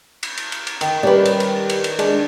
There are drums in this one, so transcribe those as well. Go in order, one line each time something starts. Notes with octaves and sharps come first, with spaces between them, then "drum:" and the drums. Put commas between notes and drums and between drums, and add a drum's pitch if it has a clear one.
drum: cymbal
drum: cymbal
drum: cymbal
drum: cymbal
D#3, drum: cymbal
G3 C#4 G4 B4 D5
drum: cymbal
drum: cymbal
drum: cymbal
drum: cymbal
G#3 D4, drum: cymbal